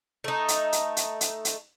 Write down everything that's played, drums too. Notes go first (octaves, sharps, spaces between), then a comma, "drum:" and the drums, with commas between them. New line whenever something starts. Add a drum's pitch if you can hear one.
A3 D#4
drum: hi-hat
drum: hi-hat
drum: hi-hat
drum: hi-hat
drum: hi-hat